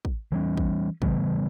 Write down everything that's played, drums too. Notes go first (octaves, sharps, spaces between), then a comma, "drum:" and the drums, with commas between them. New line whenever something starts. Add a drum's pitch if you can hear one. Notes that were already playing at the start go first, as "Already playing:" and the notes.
drum: kick
E3 G3 C#4
drum: kick
C#3 E3 G3 B3, drum: kick